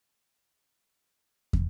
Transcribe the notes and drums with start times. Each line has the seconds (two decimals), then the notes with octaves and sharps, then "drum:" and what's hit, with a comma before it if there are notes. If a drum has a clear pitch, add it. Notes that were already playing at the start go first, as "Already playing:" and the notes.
0.23 E4
0.58 A#4
1.20 A#4
1.53 drum: kick